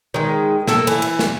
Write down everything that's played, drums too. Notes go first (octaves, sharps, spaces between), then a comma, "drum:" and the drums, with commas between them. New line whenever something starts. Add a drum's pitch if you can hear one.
D#3 G#3
A#3 A4, drum: snare
E3, drum: cymbal
drum: cymbal
drum: snare